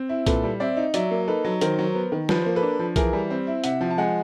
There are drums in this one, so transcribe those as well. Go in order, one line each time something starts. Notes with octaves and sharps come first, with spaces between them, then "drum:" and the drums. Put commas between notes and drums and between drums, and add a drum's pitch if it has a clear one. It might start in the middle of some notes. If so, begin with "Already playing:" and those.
Already playing: C4
E4
A#2 A4 B4, drum: kick B1, hi-hat
G3
C4 D5 E5
D#4
F#3 D5 E5, drum: hi-hat
A#3
D#4 A4 B4
F#3
D#3 A#4 C5, drum: hi-hat
F#3
B3
D#3
F3 B4, drum: snare
A#3 C5
A4 B4
D4
F3
E3 G#4 A#4, drum: kick B1, hi-hat
G3
C4
E4
C3 E5 F#5, drum: hi-hat
F3
A5
G#3 F#5 G#5